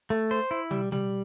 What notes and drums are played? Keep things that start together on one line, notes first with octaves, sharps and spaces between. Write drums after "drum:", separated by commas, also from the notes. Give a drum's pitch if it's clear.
A3
C5
E4
G3, drum: tom
G3, drum: tom